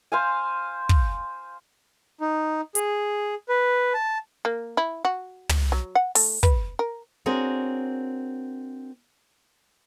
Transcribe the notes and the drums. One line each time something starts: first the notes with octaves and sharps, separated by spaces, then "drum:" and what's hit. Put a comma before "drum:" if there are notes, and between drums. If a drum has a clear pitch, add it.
C5 F5 G#5
drum: kick
D#4
G#4, drum: hi-hat
B4
A5
A#3
E4
F#4
drum: tom
F#3
F#5
A3, drum: open hi-hat
B4, drum: kick
A#4
C4 D4 F#4 G#4 A#4 C#5